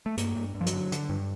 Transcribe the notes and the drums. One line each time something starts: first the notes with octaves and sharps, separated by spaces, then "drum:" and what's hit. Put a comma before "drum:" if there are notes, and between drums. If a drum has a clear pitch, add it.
A3
G2 A#3, drum: hi-hat
G2
G2
F3
F#3, drum: hi-hat
D3
D3, drum: hi-hat
G2